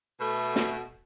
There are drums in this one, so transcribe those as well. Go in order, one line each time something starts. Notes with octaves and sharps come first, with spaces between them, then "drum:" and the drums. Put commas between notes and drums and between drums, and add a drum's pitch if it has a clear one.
B2 A3
drum: snare